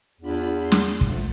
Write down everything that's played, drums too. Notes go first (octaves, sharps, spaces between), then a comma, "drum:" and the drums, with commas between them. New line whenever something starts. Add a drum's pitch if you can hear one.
E2 D4 F4 B5
C6
drum: snare
F3 A3, drum: kick